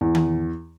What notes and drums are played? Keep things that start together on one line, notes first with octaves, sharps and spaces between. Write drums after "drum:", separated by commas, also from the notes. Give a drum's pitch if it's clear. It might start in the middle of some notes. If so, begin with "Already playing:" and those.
E2
drum: tom D#3